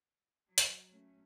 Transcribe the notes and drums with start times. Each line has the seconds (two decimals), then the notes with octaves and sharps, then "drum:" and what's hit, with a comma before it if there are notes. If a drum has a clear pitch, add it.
0.47 F#3
0.58 drum: hi-hat
0.88 A3 C#4